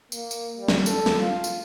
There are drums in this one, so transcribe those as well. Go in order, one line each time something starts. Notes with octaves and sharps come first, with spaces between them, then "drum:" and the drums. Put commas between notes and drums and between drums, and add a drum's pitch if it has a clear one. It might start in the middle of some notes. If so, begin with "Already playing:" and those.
A#3, drum: tambourine
drum: tambourine
G3
drum: snare
A4, drum: tambourine
drum: snare
F4
drum: tambourine